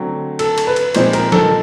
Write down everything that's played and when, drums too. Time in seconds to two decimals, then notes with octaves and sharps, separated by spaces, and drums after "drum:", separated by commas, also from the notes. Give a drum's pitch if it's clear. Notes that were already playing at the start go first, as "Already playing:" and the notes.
Already playing: D3 F#3 A3 C4
0.39 A4, drum: cymbal
0.58 drum: cymbal
0.67 B4
0.76 drum: cymbal
0.95 A#2 F3 G#3 C4 D#4 C5, drum: cymbal
1.13 A#4, drum: cymbal
1.32 A4, drum: snare